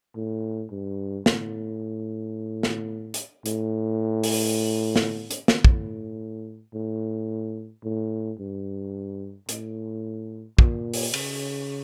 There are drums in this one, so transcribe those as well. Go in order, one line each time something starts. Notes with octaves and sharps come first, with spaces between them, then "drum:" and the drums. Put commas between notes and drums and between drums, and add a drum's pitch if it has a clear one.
A2
G2
A2, drum: snare
drum: snare
drum: hi-hat
A2, drum: hi-hat
drum: open hi-hat
drum: snare
drum: hi-hat
drum: snare
A2, drum: kick
A2
A2
G2
A2, drum: hi-hat
A#2, drum: kick
drum: open hi-hat
C#3, drum: cymbal